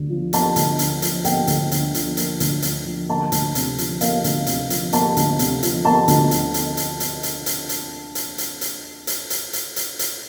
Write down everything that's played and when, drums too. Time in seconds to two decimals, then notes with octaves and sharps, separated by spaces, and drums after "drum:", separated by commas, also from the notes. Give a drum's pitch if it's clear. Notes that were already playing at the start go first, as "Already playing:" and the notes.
Already playing: D2 D3
0.10 F3
0.33 A#3 A5, drum: hi-hat
0.56 D2, drum: hi-hat
0.79 D3, drum: hi-hat
1.02 F3, drum: hi-hat
1.25 A#3 G5, drum: hi-hat
1.47 D2, drum: hi-hat
1.71 D3, drum: hi-hat
1.94 F3, drum: hi-hat
2.17 A#3, drum: hi-hat
2.40 D2, drum: hi-hat
2.62 D3, drum: hi-hat
2.85 F3
3.08 A#3 A5
3.32 D2, drum: hi-hat
3.55 C3, drum: hi-hat
3.78 F3, drum: hi-hat
4.01 A#3 F5, drum: hi-hat
4.24 D2, drum: hi-hat
4.47 C3, drum: hi-hat
4.70 F3, drum: hi-hat
4.93 A#3 A5, drum: hi-hat
5.17 D2, drum: hi-hat
5.39 C3, drum: hi-hat
5.63 F3, drum: hi-hat
5.85 A#3 A5
6.08 D2, drum: hi-hat
6.31 drum: hi-hat
6.54 drum: hi-hat
6.77 drum: hi-hat
7.00 drum: hi-hat
7.23 drum: hi-hat
7.46 drum: hi-hat
7.69 drum: hi-hat
8.15 drum: hi-hat
8.38 drum: hi-hat
8.61 drum: hi-hat
9.07 drum: hi-hat
9.30 drum: hi-hat
9.53 drum: hi-hat
9.76 drum: hi-hat
9.99 drum: hi-hat